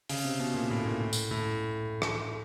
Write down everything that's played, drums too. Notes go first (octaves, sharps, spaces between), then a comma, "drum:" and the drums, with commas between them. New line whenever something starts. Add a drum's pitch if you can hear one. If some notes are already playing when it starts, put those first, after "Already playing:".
C#3, drum: open hi-hat
C3
B2
A#2
A2
A#2
A2
drum: tambourine
A2
drum: rim click